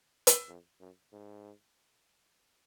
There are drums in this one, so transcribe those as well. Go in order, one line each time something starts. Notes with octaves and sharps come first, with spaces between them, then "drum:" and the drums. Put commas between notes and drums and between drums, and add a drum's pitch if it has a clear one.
drum: hi-hat
F2
F#2
G#2